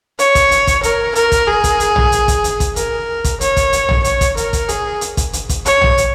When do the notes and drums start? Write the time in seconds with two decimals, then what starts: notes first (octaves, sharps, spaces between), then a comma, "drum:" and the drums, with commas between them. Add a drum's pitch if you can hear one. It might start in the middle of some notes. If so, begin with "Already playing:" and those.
0.19 C#5, drum: hi-hat
0.35 drum: kick, hi-hat
0.51 drum: hi-hat
0.67 drum: kick, hi-hat
0.83 A#4, drum: hi-hat
1.15 A#4, drum: hi-hat
1.32 drum: kick, hi-hat
1.47 G#4
1.64 drum: kick, hi-hat
1.80 drum: hi-hat
1.96 drum: tom A#1
2.12 drum: hi-hat
2.28 drum: kick, hi-hat
2.44 drum: hi-hat
2.60 drum: kick, hi-hat
2.76 A#4, drum: hi-hat
3.24 drum: kick, hi-hat
3.41 C#5, drum: hi-hat
3.57 drum: kick, hi-hat
3.73 drum: hi-hat
3.89 drum: tom A#1
4.04 C#5, drum: hi-hat
4.21 drum: kick, hi-hat
4.37 A#4, drum: hi-hat
4.53 drum: kick, hi-hat
4.69 G#4, drum: hi-hat
5.01 drum: hi-hat
5.17 drum: kick, hi-hat
5.33 drum: hi-hat
5.49 drum: kick, hi-hat
5.66 C#5, drum: hi-hat
5.82 drum: tom A#1
5.98 drum: hi-hat